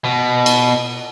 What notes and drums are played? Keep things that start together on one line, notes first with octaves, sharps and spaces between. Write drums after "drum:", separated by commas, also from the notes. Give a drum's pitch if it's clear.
B2
drum: cymbal